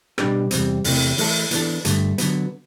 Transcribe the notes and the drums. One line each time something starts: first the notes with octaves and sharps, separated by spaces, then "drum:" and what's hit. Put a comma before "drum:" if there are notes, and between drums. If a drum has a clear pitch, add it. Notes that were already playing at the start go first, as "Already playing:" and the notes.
B2 G3 D4 G4 B4, drum: rim click
E2 C3 G3 C4, drum: hi-hat
E2 C3 E3 A3, drum: open hi-hat
E3 A3 E4 A4, drum: open hi-hat
E3 B3 D4 A4, drum: hi-hat
G2 D3 A3, drum: hi-hat
D3 F#3 B3, drum: hi-hat